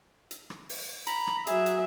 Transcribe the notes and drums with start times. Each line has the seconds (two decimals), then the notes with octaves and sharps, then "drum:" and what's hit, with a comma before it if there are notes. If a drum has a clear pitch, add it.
0.31 drum: hi-hat
0.50 drum: rim click
0.69 drum: open hi-hat
1.07 A#5 B5, drum: hi-hat
1.27 drum: rim click
1.47 F#3 G#4 E5, drum: hi-hat
1.66 drum: hi-hat